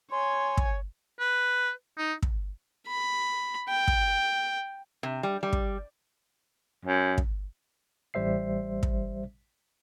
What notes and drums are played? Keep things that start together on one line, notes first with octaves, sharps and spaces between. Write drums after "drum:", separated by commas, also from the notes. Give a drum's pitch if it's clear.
C#5 G#5 C6
drum: kick
B4
D#4
drum: kick
B5
G5
drum: kick
C3
G3
G3
drum: kick
F#2
drum: kick
A1 G3 C5 E5 C7
drum: kick